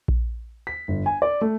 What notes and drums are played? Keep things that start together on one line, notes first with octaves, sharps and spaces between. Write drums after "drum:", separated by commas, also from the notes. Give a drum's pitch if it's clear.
drum: kick A#1
B6
G1
G#5
D5
A3